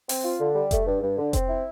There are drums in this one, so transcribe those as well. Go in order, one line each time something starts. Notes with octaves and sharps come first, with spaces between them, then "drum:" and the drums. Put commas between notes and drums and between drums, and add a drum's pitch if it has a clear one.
C4, drum: open hi-hat
F4
D3
G3
A3, drum: kick F1, hi-hat
G2
G2
D3
C4, drum: kick F1, hi-hat
E4